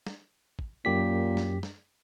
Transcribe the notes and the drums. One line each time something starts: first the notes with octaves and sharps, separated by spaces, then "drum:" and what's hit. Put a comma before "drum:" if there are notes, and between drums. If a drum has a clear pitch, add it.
drum: snare
drum: kick
F#2 A#2 G4 B6
drum: snare
drum: snare